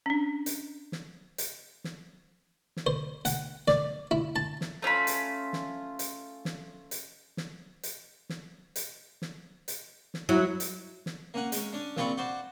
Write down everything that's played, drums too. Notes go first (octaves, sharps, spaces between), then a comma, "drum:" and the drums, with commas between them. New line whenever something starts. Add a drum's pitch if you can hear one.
C#4 D4
drum: hi-hat
drum: snare
drum: hi-hat
drum: snare
drum: snare
C5
F#5, drum: hi-hat
D5, drum: snare
E4
A5
drum: snare
A3 C#4 F4 B5
drum: hi-hat
drum: snare
drum: hi-hat
drum: snare
drum: hi-hat
drum: snare
drum: hi-hat
drum: snare
drum: hi-hat
drum: snare
drum: hi-hat
drum: snare
F#3 E4
drum: hi-hat
drum: snare
A#3 C#4 F#5
G#3 C#4, drum: hi-hat
C#4 D4
A#1 C4 F4 D5 B5 C#6, drum: snare
F#4 C5 D5